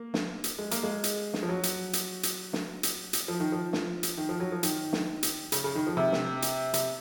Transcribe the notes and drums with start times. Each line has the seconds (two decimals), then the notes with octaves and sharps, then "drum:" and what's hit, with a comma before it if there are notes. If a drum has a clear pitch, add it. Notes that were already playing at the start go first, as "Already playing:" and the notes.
Already playing: A#3
0.14 drum: snare
0.44 drum: hi-hat
0.58 G#3
0.71 A#3, drum: hi-hat
0.83 G#3
1.04 drum: hi-hat
1.33 drum: snare
1.43 F3
1.49 F#3
1.63 drum: hi-hat
1.93 drum: hi-hat
2.23 drum: hi-hat
2.53 drum: snare
2.83 drum: hi-hat
3.13 drum: hi-hat
3.28 F3
3.40 D#3
3.52 F3
3.73 drum: snare
4.03 drum: hi-hat
4.18 D#3
4.29 F3
4.40 F#3
4.52 F3
4.63 D#3, drum: hi-hat
4.93 drum: snare
5.23 drum: hi-hat
5.52 C#3, drum: hi-hat
5.64 C#3
5.75 D#3
5.87 F3
5.97 C3
6.12 drum: snare
6.42 drum: hi-hat
6.74 C3, drum: hi-hat